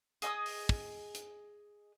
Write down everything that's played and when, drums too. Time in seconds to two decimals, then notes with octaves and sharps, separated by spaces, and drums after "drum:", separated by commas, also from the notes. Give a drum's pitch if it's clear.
0.22 G#4 D#5 D#6 E6, drum: hi-hat
0.46 drum: open hi-hat
0.69 drum: kick
1.15 drum: hi-hat